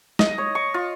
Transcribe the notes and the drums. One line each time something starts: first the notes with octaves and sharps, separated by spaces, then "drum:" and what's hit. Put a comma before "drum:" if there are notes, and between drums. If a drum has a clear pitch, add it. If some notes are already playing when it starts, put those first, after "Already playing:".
D#5, drum: snare
C#5
C#6
F4